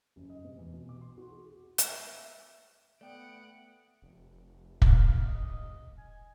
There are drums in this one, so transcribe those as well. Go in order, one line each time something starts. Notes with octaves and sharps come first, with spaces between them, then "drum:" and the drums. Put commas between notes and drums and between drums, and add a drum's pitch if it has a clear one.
F#1
D#5
C3
E2
B2
D6
C6
F#4
G#4
G#4
E5, drum: hi-hat
A3 B3 D5 F#5 G5 D7
F1
drum: kick
F5
D#5
G#5